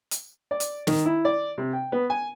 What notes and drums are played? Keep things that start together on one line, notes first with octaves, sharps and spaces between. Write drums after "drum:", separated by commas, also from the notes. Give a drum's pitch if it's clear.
drum: hi-hat
D5
drum: hi-hat
D#3, drum: snare
E4
D5
C3
G5
B3
G#5